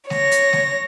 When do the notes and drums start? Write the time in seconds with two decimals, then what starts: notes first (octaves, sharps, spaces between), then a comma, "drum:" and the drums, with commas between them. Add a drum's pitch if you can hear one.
0.10 C#5 A#6, drum: snare G#3
0.31 drum: hi-hat
0.53 drum: snare G#3